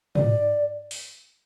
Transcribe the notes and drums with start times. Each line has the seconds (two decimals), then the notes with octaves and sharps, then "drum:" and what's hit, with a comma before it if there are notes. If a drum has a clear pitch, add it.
0.15 D5, drum: tom
0.91 drum: open hi-hat